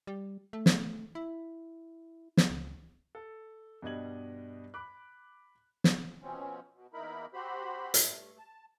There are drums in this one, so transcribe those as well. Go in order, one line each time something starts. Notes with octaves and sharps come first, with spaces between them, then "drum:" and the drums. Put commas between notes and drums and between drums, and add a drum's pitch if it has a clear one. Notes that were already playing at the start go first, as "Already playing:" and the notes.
G3
A3
drum: snare
E4
drum: snare
C#2
A4
G2 B2 G3 D#5 G#6 F#7
B5 D6 F#6
drum: snare
B2 F3 C4 C#4
B2
E2 A#3 D#4 E4 A#4 B5
C4 F#4 G4 C5 B5
G2 A3, drum: hi-hat
A5